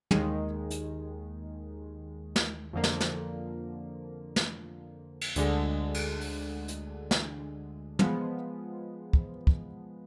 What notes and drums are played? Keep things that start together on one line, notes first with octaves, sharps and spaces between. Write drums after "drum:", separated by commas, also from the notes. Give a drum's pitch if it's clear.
D#2 D#3 G#3, drum: tom
drum: hi-hat
drum: snare
F2 D3 F3 A#3
drum: snare
drum: snare
drum: snare
drum: cymbal
D2 D3 G#3, drum: hi-hat
drum: cymbal
drum: open hi-hat
drum: hi-hat
drum: snare
F3 G#3 B3, drum: tom
drum: kick
drum: kick